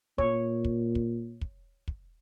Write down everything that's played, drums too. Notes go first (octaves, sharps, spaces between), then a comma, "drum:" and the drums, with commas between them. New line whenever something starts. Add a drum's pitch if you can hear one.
A#2 C#5, drum: kick
drum: kick
drum: kick
drum: kick
drum: kick